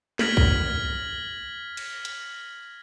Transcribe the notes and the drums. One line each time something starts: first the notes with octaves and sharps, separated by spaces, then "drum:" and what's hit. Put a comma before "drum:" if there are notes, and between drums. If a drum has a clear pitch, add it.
F6 G#6 A#6 B6 F#7, drum: snare
drum: kick B1
drum: cymbal
drum: hi-hat